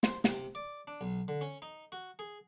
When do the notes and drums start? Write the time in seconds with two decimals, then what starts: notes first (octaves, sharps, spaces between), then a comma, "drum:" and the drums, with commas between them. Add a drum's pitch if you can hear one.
0.03 C5, drum: snare
0.24 C3, drum: snare
0.55 D5
0.87 D4
1.01 B1
1.28 D3
1.41 C#4
1.62 D#4
1.92 F#4
2.19 G#4